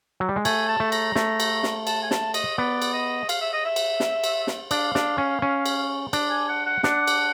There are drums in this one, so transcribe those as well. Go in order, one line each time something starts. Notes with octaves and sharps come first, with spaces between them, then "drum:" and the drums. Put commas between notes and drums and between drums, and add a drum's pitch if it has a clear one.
F#3
G3
G#3
A3 G#5, drum: cymbal
A5
A3
A#5, drum: cymbal
A3, drum: snare
drum: cymbal
drum: snare
A5, drum: cymbal
G#5
A5, drum: snare
D#5, drum: cymbal
B3 D5
drum: cymbal
D#5
F5, drum: cymbal
E5
D#5
E5
drum: cymbal
drum: snare
drum: cymbal
drum: snare
D4 F5, drum: cymbal
D4, drum: snare
C#4
C#4
drum: cymbal
D4, drum: cymbal
G#5
F#5
F#5
D4 F#5, drum: snare
drum: cymbal